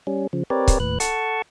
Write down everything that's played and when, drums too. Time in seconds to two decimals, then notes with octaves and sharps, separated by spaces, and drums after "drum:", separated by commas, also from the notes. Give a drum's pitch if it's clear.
0.07 G3 C#4
0.33 C#3 F3
0.50 C4 G4 A#4 B4 C#5 D5
0.68 drum: kick C#1, hi-hat
0.80 D#2 A2 B4 F#6
1.00 A4 F#5 A5 C#6, drum: hi-hat